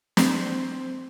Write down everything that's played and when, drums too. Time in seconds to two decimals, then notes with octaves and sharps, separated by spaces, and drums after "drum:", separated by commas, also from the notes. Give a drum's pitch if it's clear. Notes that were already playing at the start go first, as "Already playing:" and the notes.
0.17 C4, drum: snare